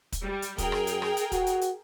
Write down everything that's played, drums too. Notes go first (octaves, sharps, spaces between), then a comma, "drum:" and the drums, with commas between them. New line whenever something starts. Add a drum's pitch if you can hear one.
drum: kick, hi-hat
G3
drum: hi-hat
F#2 G#4 A#4 G5, drum: kick, hi-hat
drum: rim click
drum: hi-hat
drum: rim click
drum: hi-hat
F#4, drum: kick, hi-hat
drum: hi-hat
drum: hi-hat